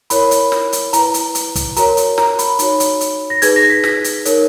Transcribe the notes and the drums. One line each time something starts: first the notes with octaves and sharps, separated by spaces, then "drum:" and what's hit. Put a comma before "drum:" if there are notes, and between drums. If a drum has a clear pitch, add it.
E4 A#4 C#5 B5, drum: hi-hat
drum: hi-hat
drum: snare
drum: hi-hat
E4 B4 A#5, drum: hi-hat
drum: hi-hat
drum: hi-hat
drum: kick, hi-hat
F#4 A#4 C#5 A#5, drum: hi-hat
drum: hi-hat
A#5, drum: snare
B5, drum: hi-hat
D#4 F#4 C#5, drum: hi-hat
drum: hi-hat
drum: hi-hat
A#6
D#4 G#4 B4 G#6, drum: hi-hat
A#6
B6
B6, drum: snare
drum: hi-hat
D#4 A#4 C#5, drum: hi-hat